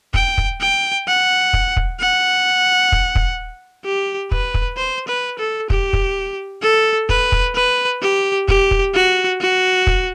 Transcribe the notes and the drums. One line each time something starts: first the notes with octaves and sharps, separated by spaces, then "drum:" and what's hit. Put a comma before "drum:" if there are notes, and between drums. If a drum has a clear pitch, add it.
G5, drum: kick
drum: kick
G5
F#5
drum: kick
drum: kick
F#5
drum: kick
drum: kick
G4
B4, drum: kick
drum: kick
C5
B4
A4
G4, drum: kick
drum: kick
A4
B4, drum: kick
drum: kick
B4
G4
G4, drum: kick
drum: kick
F#4
F#4
drum: kick